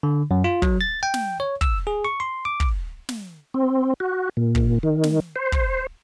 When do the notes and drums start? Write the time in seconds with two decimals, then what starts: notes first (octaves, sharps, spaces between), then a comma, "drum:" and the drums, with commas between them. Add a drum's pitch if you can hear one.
0.03 D3
0.31 F#2
0.44 F4
0.62 F#3, drum: kick
0.81 A6
1.03 G5
1.14 drum: snare
1.40 C#5
1.61 E6, drum: kick
1.87 G#4
2.05 C#6
2.20 C6
2.45 D6
2.60 drum: kick
3.09 drum: snare
3.54 C4
4.00 F#4
4.37 A#2
4.55 drum: kick
4.83 D#3
5.04 drum: snare
5.36 C5
5.52 drum: kick